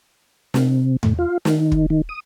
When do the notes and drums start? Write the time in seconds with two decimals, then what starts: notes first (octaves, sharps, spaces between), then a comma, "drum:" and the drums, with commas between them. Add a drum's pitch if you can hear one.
0.54 C3, drum: snare
1.03 A2, drum: tom E2
1.19 F4
1.45 D#3, drum: snare
1.72 drum: kick
1.90 D#3
2.09 D#6